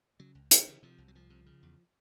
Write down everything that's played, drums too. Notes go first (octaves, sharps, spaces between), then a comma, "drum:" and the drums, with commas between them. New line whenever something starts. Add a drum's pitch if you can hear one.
C#3 F#3
C#2
C#2 E3, drum: hi-hat
C#3 E3
C3 F3
C2
F#3
C2 F3
C3
C#3
E2